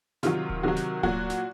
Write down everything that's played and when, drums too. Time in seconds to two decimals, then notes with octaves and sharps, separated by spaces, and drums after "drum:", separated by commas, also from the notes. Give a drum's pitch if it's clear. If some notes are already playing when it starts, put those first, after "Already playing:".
0.23 C3 D#3 F#3 F4, drum: snare
0.50 drum: kick D1
0.63 C3 D#3 F#3 F#4
0.76 drum: snare
1.03 A#2 F#3 F#4, drum: kick D1
1.30 drum: snare